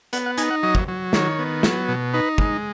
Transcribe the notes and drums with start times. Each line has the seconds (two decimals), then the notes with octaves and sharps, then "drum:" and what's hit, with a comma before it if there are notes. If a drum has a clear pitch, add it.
0.13 B3 F#5, drum: hi-hat
0.26 F#5
0.38 D#4 G#5, drum: hi-hat
0.50 F#5
0.63 F#3 D#5
0.75 drum: kick
0.88 F#3
1.13 D#3 C#5, drum: snare
1.39 B3
1.63 F#3, drum: snare
1.88 B2
2.14 D#4 B4
2.38 G#3, drum: kick